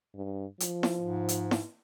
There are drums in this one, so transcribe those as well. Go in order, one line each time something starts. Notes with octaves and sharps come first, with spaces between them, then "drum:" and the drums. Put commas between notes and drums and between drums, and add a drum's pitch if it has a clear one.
G2
F3, drum: hi-hat
drum: snare E4
G#2
drum: hi-hat
drum: snare E4